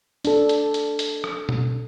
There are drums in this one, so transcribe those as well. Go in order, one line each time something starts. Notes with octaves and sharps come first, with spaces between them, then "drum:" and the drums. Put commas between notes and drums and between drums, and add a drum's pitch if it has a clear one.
D4 A4, drum: hi-hat
drum: hi-hat
drum: hi-hat
drum: hi-hat
drum: rim click
drum: tom B2